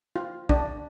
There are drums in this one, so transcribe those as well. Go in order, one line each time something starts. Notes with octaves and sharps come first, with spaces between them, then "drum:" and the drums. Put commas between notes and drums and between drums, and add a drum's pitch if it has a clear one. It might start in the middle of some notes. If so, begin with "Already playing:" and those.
F4
D4, drum: kick